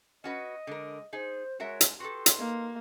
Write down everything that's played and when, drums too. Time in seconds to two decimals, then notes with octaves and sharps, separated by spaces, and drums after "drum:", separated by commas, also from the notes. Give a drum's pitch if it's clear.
0.24 C#4 F#4 B4 D#5
0.67 D3 G#3 A#4
1.13 D#4 G#4 C5
1.60 G#3 F#4 A#4 C#5 E5
1.81 drum: hi-hat
2.00 F#4 G4 A4 B4 C6
2.26 drum: hi-hat
2.39 A#3 D#4